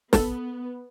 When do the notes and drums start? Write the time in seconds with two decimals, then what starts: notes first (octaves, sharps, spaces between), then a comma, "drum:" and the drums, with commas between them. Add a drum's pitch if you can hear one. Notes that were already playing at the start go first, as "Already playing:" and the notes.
0.13 B3 A4, drum: snare